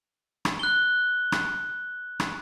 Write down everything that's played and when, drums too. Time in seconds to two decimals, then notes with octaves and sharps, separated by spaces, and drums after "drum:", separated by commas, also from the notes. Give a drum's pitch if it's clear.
0.45 drum: rim click
0.59 F#6 G7
1.32 drum: rim click
2.20 drum: rim click